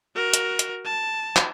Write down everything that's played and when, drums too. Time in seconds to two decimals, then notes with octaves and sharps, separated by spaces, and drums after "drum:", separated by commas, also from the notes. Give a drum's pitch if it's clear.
0.15 F#4 A#4
0.34 drum: hi-hat
0.59 drum: hi-hat
0.85 A5
1.36 drum: clap